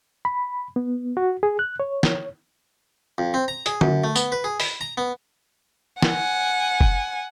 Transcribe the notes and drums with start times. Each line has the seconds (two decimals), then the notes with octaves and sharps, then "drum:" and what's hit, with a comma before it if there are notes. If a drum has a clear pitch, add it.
0.25 B5
0.76 B3
1.17 F#4
1.43 G#4
1.59 F#6
1.80 C#5
2.03 drum: snare
3.18 F2
3.34 C4
3.48 A#5
3.66 G#4, drum: hi-hat
3.81 F#2, drum: tom D3
4.04 A3
4.16 B3, drum: tambourine
4.32 B4
4.44 G#4
4.60 B5, drum: open hi-hat
4.81 A#5
4.98 B3
6.02 F#5 G#5, drum: snare
6.81 drum: kick